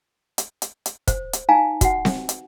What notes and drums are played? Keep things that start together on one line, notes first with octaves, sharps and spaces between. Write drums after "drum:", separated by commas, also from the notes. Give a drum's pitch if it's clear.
drum: hi-hat
drum: hi-hat
drum: hi-hat
C5, drum: kick, hi-hat
drum: hi-hat
D#4 F5 G#5 A#5
F#4 F#5, drum: kick, hi-hat
drum: snare C4
drum: hi-hat